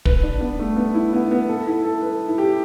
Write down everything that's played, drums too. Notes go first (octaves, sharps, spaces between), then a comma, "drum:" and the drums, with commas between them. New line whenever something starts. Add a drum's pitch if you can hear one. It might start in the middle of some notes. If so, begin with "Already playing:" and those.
B4, drum: kick
D4
B3
A3
B3
E4
B3
B3
A4
E4
A4
B4
E4
G4